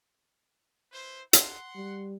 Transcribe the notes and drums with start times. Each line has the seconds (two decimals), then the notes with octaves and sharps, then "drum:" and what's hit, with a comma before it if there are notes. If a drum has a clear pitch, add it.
0.92 E4 B4 C5
1.33 F#5 C6, drum: hi-hat
1.76 G3